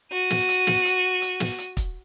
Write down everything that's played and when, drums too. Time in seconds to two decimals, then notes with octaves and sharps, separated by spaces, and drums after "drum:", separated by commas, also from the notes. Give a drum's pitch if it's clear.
0.12 F#4 D#7
0.30 drum: snare
0.49 drum: hi-hat
0.67 drum: snare
0.85 drum: hi-hat
1.22 drum: hi-hat
1.40 drum: snare
1.58 drum: hi-hat
1.77 drum: kick, hi-hat